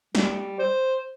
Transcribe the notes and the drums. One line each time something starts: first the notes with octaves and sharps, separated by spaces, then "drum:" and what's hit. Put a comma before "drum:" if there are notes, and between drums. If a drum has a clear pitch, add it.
G3, drum: snare
C5